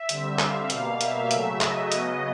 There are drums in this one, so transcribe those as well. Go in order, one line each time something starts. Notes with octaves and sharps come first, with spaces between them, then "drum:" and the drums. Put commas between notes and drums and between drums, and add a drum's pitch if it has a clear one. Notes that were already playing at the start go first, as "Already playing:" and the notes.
Already playing: E5
D3 G3 C4, drum: hi-hat
F5, drum: clap
B2 G3 A#3 F5, drum: hi-hat
E5, drum: hi-hat
C#3 F#3 A3 E5, drum: hi-hat
D#5, drum: clap
C#3 F#3 B3 D#5, drum: hi-hat